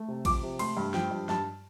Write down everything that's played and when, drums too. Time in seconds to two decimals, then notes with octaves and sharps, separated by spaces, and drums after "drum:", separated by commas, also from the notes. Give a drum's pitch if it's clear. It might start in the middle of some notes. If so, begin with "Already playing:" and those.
Already playing: A3
0.08 C3
0.25 F3 D6, drum: kick A1, cymbal
0.43 C3
0.59 A3 C6, drum: cymbal
0.77 G2
0.94 F3 G5, drum: snare
1.11 G2
1.29 G2 A5, drum: snare